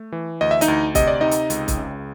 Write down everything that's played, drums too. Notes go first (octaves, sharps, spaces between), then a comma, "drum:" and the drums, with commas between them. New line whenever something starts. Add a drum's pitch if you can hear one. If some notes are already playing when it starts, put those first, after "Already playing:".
Already playing: A3
E3
D2 D#5
E5
D#4 D#5, drum: hi-hat
D2
C3 D#5, drum: kick, hi-hat
D5
C3 D#4 D#5
drum: hi-hat
C#2, drum: hi-hat
drum: kick, hi-hat
C#3